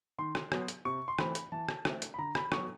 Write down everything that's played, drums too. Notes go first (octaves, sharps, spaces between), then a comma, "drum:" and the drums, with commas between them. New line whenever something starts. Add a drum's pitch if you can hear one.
D#3 C6
drum: rim click
F#3 B3, drum: rim click
drum: hi-hat
C3 C#6
C6
E3 A3 C4 B5, drum: rim click
drum: hi-hat
E3 A5
drum: rim click
A3 C4, drum: rim click
drum: hi-hat
B5
D3 A#5
B5, drum: rim click
F#3 B3 C#6, drum: rim click